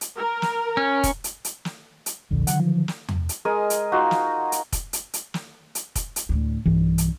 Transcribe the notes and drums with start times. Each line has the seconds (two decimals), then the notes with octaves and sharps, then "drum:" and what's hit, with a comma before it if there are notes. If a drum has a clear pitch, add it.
0.01 drum: hi-hat
0.18 A#4
0.42 drum: snare
0.77 C#4
1.04 drum: kick, hi-hat
1.24 drum: hi-hat
1.45 drum: hi-hat
1.65 drum: snare
2.06 drum: hi-hat
2.31 D#1 A#1 F2 D3
2.47 D3 D#3 F#3 F#5, drum: hi-hat
2.60 F3
2.88 drum: snare
3.09 drum: tom E2
3.29 drum: hi-hat
3.45 G#3 G#4 A#4 D#6
3.70 drum: hi-hat
3.92 D#4 F4 F#4 C5
4.11 drum: snare
4.52 drum: hi-hat
4.73 drum: kick, hi-hat
4.93 drum: hi-hat
5.14 drum: hi-hat
5.34 drum: snare
5.75 drum: hi-hat
5.95 drum: kick, hi-hat
6.16 drum: hi-hat
6.29 D2 A2
6.66 B1 G2 E3
6.98 drum: hi-hat